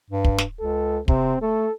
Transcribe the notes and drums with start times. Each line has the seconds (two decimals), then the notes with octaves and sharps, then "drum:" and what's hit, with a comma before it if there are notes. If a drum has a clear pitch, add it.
0.10 G2
0.25 drum: kick
0.38 drum: snare
0.60 C#2 A4
1.08 C3 C4, drum: kick
1.42 A3 A4